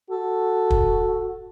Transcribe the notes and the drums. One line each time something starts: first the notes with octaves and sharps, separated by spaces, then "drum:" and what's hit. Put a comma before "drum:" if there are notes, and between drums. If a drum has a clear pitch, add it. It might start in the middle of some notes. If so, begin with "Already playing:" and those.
F#4 A4
drum: kick